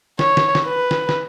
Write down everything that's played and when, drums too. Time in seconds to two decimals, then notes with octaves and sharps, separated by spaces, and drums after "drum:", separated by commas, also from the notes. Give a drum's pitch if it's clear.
0.19 C#5, drum: snare
0.37 drum: snare
0.55 drum: snare
0.66 B4
0.91 drum: snare
1.09 drum: snare